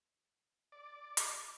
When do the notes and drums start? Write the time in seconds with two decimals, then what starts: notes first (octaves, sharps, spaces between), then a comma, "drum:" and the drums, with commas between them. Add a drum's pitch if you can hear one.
0.72 D5
1.17 drum: hi-hat